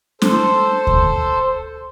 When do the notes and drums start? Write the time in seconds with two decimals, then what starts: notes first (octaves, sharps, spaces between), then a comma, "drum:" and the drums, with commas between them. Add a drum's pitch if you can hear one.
0.22 A4 C5, drum: snare
0.87 drum: kick D2